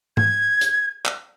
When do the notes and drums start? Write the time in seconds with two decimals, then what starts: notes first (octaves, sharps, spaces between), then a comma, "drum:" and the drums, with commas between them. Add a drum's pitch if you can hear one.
0.17 G#6, drum: tom G#2
0.61 drum: hi-hat
1.06 drum: clap